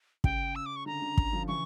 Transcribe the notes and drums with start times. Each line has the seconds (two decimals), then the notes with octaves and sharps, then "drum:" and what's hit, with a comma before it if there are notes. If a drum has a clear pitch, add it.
0.24 C#3 G5, drum: kick
0.56 E6
0.66 D6
0.76 C#6
0.86 D3 A#5
1.02 D3
1.17 drum: kick
1.33 D3 F3
1.48 C#3 E3 C#6